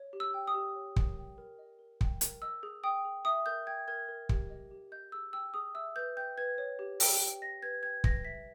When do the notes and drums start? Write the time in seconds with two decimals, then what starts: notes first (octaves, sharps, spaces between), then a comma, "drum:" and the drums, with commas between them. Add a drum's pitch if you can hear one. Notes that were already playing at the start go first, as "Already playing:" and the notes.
Already playing: C#5
0.13 G4
0.20 E6
0.34 G5
0.48 D#6
0.54 G4
0.76 C#5
0.96 A#4, drum: kick
1.17 G5
1.38 A#4
1.59 D#5
1.79 A#4
2.01 G5, drum: kick
2.21 A#4, drum: hi-hat
2.42 D#5 E6
2.63 G#4
2.84 G5 D#6
3.05 G#4
3.25 E5 D#6
3.46 A#4 G6
3.67 G5 G#6
3.88 A#4 G#6
4.09 A#4
4.29 G4, drum: kick
4.50 D#5
4.71 G4
4.92 D#5 G6
5.12 G#4 E6
5.33 G5 E6
5.54 G#4 D#6
5.74 E5 E6
5.96 B4 G6
6.17 G5 G6
6.38 B4 G#6
6.58 C#5
6.79 G4
7.00 G5, drum: open hi-hat
7.20 G4
7.41 D#5 A#6
7.62 B4 G#6
7.83 G5 G#6
8.04 B4 A#6, drum: kick
8.25 E5 B6